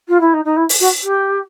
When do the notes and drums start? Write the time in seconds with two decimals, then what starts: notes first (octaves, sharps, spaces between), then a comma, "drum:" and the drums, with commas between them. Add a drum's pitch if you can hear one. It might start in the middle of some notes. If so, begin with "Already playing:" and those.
0.08 F4
0.20 E4
0.34 D#4
0.45 D#4
0.57 E4
0.69 drum: open hi-hat
0.80 F#4
1.03 G4